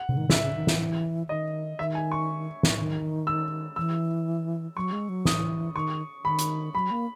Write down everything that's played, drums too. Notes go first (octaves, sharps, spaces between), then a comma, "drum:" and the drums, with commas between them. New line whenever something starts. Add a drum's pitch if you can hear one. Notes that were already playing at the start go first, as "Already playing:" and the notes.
Already playing: F#5
C#3, drum: tom C3
D#3
C#3 E5, drum: snare
C#3
D#3
E3, drum: snare
D#3 D#5
D#3 E5
G#5
C#6
drum: snare
D#3
E6
E3 E6
F#3 C#6
G#3
F#3
E3 D#6, drum: snare
D#3 C#6
D#3 B5
drum: hi-hat
F#3 B5
A#3